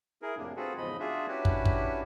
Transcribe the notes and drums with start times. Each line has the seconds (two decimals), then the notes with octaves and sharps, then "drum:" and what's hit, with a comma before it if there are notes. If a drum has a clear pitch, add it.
0.22 E4 G#4 A#4
0.37 F2 A2 C3 A#3 D4
0.56 C4 F4 F#4 G#4 A4 B4
0.78 E2 G#2 C#3 F3 D#5 B5
1.00 D4 F4 F#4 G#4 E5
1.28 C#4 D4 E4 F#4 G4 B4
1.45 drum: kick
1.65 drum: kick